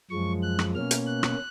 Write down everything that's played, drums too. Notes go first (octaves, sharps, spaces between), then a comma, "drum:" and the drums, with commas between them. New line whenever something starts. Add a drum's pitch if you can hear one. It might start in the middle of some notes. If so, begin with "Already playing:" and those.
F#2 F3 G#3 C#6
F#6
drum: rim click
B2 A#3 C#4 F6
drum: hi-hat
F#6
drum: rim click